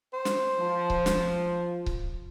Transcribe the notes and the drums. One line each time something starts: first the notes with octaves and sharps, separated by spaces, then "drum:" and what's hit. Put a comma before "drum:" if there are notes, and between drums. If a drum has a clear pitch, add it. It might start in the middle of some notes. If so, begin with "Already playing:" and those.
C5
drum: snare
F3
drum: kick C#1
drum: snare
drum: kick C#1